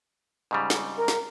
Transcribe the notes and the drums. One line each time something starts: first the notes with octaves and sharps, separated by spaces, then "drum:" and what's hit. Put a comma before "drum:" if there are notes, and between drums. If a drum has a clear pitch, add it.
G#2 C#3 G3
drum: snare
A#4
drum: snare